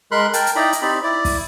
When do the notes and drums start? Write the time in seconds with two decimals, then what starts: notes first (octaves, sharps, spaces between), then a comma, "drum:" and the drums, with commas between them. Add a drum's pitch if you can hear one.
0.11 G#3 A#4 B5 C6 F#6
0.33 A#4 G5 A5, drum: hi-hat
0.47 drum: hi-hat
0.56 D#4 E4 D5 G5 A#5 B5
0.73 drum: hi-hat
0.82 C4 D#4 G4 D5 B5
1.03 E4 D5
1.25 drum: kick, open hi-hat